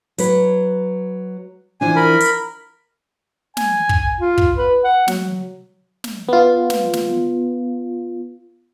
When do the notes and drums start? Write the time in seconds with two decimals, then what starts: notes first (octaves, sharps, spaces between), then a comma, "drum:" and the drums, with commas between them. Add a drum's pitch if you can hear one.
0.18 F#3 B4, drum: hi-hat
1.81 E3 F3 D4 G#5
1.96 A#4 B5
2.20 drum: hi-hat
3.57 G#5, drum: snare
3.89 drum: kick
4.20 F4
4.38 drum: kick
4.57 B4
4.84 F#5
5.08 F#3, drum: snare
6.04 drum: snare
6.29 B3 F4
6.70 drum: snare
6.93 drum: snare